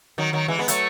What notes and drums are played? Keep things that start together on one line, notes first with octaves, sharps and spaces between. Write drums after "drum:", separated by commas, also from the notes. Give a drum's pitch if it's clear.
D#3 F#3
D#3 F#3
E3 G#3
G#3 B3
F#3 A3, drum: hi-hat